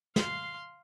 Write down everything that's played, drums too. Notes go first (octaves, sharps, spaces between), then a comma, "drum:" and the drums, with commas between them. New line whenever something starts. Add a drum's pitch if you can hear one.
F5 C6, drum: snare